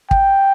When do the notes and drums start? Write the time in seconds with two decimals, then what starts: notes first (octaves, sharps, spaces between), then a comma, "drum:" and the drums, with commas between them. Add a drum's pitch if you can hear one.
0.11 G5, drum: kick